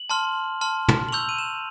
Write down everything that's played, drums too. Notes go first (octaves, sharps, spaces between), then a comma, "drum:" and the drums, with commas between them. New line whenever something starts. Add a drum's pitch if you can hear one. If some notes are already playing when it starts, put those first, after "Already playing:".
Already playing: F#7
A5 C6 F6
A5 C6 F6
drum: tom
F#7
C#6 E6 G6 F7
D#7
E7